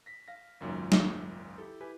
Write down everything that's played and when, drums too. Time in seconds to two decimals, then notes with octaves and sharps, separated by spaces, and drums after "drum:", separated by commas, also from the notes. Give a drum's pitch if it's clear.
0.06 A#6 B6
0.28 F5 A#6
0.60 G#1 C#2 F#2 A#2 D#3 F#3
0.92 drum: snare
1.58 E4 G4 A4
1.80 E4 G4 B4 G#5